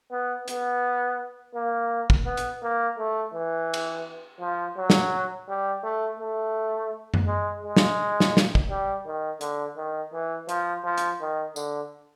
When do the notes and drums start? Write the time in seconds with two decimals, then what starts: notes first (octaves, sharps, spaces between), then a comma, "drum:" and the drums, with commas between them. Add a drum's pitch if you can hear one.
0.11 B3
0.48 B3, drum: hi-hat
1.55 A#3
2.10 drum: kick
2.26 B3
2.37 drum: hi-hat
2.63 A#3
2.98 A3
3.34 E3
3.74 drum: cymbal
4.41 F3
4.77 F#3
4.90 drum: snare
5.48 G3
5.84 A3
6.19 A3
7.14 drum: tom F#2
7.27 G#3
7.63 G#3
7.76 drum: snare
8.20 drum: snare
8.37 drum: snare
8.55 drum: kick
8.70 G3
9.06 D#3
9.41 D3, drum: hi-hat
9.77 D#3
10.13 E3
10.49 F3, drum: hi-hat
10.85 F3
10.98 drum: hi-hat
11.21 D#3
11.56 D3, drum: tambourine